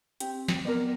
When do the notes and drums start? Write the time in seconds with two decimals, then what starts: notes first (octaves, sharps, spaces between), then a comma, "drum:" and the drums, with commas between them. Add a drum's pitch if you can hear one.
0.20 C4 G4, drum: hi-hat
0.48 drum: snare
0.65 B3 A#4 D5